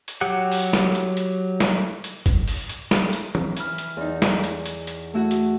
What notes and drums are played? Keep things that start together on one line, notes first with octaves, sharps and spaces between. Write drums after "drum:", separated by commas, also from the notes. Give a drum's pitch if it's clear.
drum: hi-hat
F#3 G4 F#5
drum: open hi-hat
drum: snare
drum: hi-hat
drum: hi-hat
drum: snare
drum: hi-hat
drum: kick, hi-hat
drum: open hi-hat
drum: hi-hat
drum: snare
drum: hi-hat
drum: tom
E3 B5 F6, drum: hi-hat
drum: hi-hat
E2 D#4
drum: snare
drum: hi-hat
drum: hi-hat
drum: hi-hat
A3 E4 F#4
drum: hi-hat